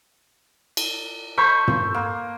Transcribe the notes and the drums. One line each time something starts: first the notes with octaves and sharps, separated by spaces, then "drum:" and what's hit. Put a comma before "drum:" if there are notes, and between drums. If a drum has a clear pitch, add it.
drum: cymbal
A4 C5 B5 C#6 G6
drum: tom
A#3